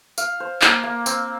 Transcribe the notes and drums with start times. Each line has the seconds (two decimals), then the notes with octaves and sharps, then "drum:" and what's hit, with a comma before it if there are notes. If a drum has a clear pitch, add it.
0.18 F5, drum: tambourine
0.40 C5
0.62 A#3, drum: clap
0.84 A#3
1.06 C4, drum: tambourine